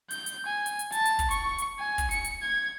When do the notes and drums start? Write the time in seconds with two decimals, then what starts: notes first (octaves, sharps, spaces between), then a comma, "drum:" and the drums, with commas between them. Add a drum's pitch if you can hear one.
0.11 G6, drum: hi-hat
0.26 drum: hi-hat
0.46 G#5
0.66 drum: hi-hat
0.79 drum: hi-hat
0.92 A5, drum: hi-hat
1.05 drum: hi-hat
1.19 drum: kick, hi-hat
1.31 C#6, drum: hi-hat
1.58 drum: hi-hat
1.79 G#5
1.98 drum: kick, hi-hat
2.11 C#7, drum: hi-hat
2.24 drum: hi-hat
2.42 G#6